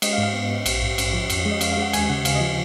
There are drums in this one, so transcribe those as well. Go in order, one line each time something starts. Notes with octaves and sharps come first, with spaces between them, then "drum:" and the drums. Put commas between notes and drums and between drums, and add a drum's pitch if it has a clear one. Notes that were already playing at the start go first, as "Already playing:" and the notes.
G#3 D#5, drum: cymbal
F5
G#2
F5
B3 F5
B3
A#1, drum: cymbal
G#2
G#2, drum: cymbal
F3
F2, drum: cymbal
G#3
D#5
G#3 F5, drum: cymbal
F5
G#3 F#5
D#2 G#5, drum: cymbal
C#3 F#5
C#3 F5, drum: cymbal
D#5
F3
F5